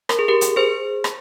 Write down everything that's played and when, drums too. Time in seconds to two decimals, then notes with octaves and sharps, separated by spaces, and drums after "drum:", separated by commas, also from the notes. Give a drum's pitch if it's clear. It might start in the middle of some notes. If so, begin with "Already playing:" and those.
0.09 A#4, drum: rim click
0.19 G#4
0.28 G4 A#4
0.41 drum: hi-hat
0.56 G#4 C5
1.04 drum: rim click